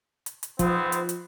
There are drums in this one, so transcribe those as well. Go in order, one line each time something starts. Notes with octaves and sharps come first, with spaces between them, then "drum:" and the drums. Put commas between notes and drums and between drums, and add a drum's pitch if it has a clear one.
drum: hi-hat
drum: hi-hat
G#2 F3 B3 C4, drum: kick, hi-hat
drum: hi-hat
drum: hi-hat